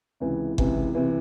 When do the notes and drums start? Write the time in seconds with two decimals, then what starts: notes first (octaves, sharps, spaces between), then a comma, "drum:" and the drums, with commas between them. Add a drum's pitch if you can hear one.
0.20 C#2 C3 E3
0.58 C#2 C3 E3, drum: kick G1
0.95 C3 E3